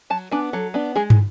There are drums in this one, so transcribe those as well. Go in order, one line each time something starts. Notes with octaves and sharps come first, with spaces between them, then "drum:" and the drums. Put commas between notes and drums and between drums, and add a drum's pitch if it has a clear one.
F#3 A5
B3 D4 G#5
F#3 A4
B3 D4
G#3 G#4
drum: tom